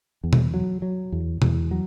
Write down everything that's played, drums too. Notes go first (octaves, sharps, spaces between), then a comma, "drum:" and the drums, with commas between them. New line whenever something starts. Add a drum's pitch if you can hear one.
E2
drum: tom B2
F#3
F#3
E2
E2, drum: tom B2
F#3